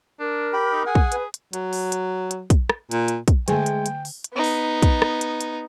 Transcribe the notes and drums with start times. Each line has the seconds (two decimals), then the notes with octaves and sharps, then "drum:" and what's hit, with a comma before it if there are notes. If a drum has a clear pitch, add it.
0.20 D4 A#4
0.53 G4 G5 B5
0.72 D#4
0.86 G#4 F#5 G#5
0.95 drum: kick
1.12 B4, drum: hi-hat
1.34 drum: hi-hat
1.53 F#3, drum: hi-hat
1.73 drum: open hi-hat
1.92 drum: hi-hat
2.31 drum: hi-hat
2.50 drum: kick, hi-hat
2.70 drum: rim click
2.91 A#2, drum: hi-hat
3.08 drum: hi-hat
3.28 drum: kick, hi-hat
3.48 D3 G#3 A3 G5 G#5, drum: hi-hat
3.66 drum: hi-hat
3.86 drum: hi-hat
4.05 drum: open hi-hat
4.24 drum: hi-hat
4.34 B3 D#4
4.44 drum: open hi-hat
4.82 drum: kick, hi-hat
5.02 drum: rim click
5.21 drum: hi-hat
5.41 drum: hi-hat